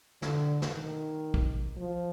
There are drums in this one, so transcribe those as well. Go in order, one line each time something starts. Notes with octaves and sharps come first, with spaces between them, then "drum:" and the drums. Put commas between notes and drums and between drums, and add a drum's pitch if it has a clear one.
D3, drum: snare
drum: snare
D#3
drum: kick
F3